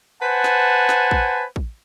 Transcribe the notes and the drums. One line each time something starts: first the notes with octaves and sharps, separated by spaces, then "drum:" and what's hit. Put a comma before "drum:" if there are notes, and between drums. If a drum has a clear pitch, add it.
B4 C5 F#5 G#5 A5
drum: snare
drum: snare
drum: kick
drum: kick